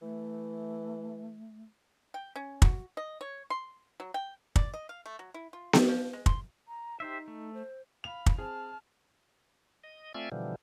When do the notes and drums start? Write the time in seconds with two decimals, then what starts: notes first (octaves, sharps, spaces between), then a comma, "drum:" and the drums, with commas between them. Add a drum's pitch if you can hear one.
0.02 E3 A3
2.14 G5
2.36 C#4
2.62 F#4, drum: kick
2.97 D#5
3.21 C#5
3.50 C6
4.00 F#3
4.14 G5
4.56 D5, drum: kick
4.74 D#5
4.89 F5
5.06 A3
5.19 F#3
5.34 E4
5.53 F4
5.73 G3, drum: snare B3
5.88 F3
6.13 G#3
6.26 C6, drum: kick
6.68 A#5
7.00 D#4 G4 C5 E5
7.28 A3
7.54 C5
8.04 F5 B5 F7
8.26 drum: kick
8.38 C4 G#4 A5 F6
9.84 D#5
10.14 A3 C4 F4 D5 E5 G#5
10.32 B2 D3 E3 F3 G3